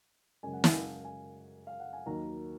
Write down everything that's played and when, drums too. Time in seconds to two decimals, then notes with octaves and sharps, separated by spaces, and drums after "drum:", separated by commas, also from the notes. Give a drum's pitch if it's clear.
0.43 F#2 C#3 G#3 G#5
0.53 F#5
0.64 G#5, drum: snare
0.74 F5
1.04 G#5
1.67 F5
1.80 F#5
1.93 G#5
2.06 D#2 D#3 F#3 A#3 A#5